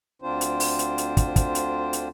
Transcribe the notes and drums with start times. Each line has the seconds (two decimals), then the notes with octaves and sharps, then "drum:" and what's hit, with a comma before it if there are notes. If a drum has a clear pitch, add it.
0.22 D2 D3 C4 D4 F4 C5
0.41 drum: hi-hat
0.60 drum: open hi-hat
0.79 drum: hi-hat
0.98 drum: hi-hat
1.17 drum: kick, hi-hat
1.36 drum: kick, hi-hat
1.55 drum: hi-hat
1.93 drum: hi-hat